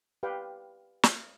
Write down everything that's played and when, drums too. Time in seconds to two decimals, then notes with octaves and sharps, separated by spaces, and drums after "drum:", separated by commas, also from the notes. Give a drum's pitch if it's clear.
0.23 G4 B4 D5 F5 G5
1.03 drum: snare